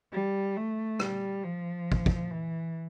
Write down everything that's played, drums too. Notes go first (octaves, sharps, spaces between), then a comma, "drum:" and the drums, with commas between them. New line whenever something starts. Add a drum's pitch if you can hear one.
G3
A3
G3, drum: rim click
F3
drum: kick
drum: kick
E3